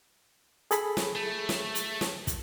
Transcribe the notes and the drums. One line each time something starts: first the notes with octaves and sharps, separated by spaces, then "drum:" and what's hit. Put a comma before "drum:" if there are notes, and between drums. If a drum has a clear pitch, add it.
G#4 A4 B5, drum: hi-hat
drum: snare
A3
drum: snare
drum: hi-hat
drum: snare
drum: kick, hi-hat